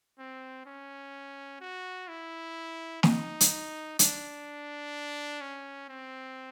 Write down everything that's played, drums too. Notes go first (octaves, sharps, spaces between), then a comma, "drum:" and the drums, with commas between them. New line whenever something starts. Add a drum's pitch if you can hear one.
C4
C#4
F#4
E4
D#4, drum: snare
drum: hi-hat
D4, drum: hi-hat
C#4
C4